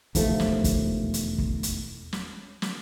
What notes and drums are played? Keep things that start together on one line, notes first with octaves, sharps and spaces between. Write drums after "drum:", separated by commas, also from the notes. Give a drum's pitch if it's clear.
E1 D#2 F3 A3, drum: kick, hi-hat
drum: snare
drum: kick, hi-hat
drum: hi-hat
drum: kick
drum: hi-hat
drum: snare
drum: snare